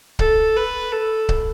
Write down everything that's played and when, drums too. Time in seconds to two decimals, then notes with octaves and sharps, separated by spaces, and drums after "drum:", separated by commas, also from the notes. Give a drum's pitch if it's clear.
0.19 A4, drum: kick C#1
0.56 B4
0.92 A4
1.29 drum: kick C#1